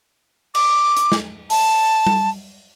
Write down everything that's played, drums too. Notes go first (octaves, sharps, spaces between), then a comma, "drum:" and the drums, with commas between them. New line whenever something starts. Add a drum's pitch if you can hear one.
D6, drum: cymbal
drum: hi-hat
drum: snare
A5, drum: open hi-hat
drum: tom G3